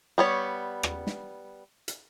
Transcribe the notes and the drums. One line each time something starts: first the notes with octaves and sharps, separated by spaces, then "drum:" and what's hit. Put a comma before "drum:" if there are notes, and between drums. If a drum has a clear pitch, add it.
G3 B3 C#5
drum: rim click
drum: snare
drum: hi-hat